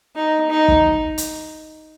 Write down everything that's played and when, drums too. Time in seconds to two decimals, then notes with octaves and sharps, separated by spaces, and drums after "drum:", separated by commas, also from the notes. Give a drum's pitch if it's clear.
0.16 D#4
0.50 D#4
0.68 drum: kick
1.18 drum: hi-hat